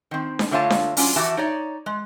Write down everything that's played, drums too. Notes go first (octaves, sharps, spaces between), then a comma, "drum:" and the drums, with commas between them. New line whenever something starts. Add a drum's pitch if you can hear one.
D#3 C4
drum: snare D4
D3 A3 F4 C#5 F5 A5
drum: snare D4
F#3 C#4 D4 F4, drum: open hi-hat
E3 F#4 G4 E5 A5
D#4 C#5 D5
G#3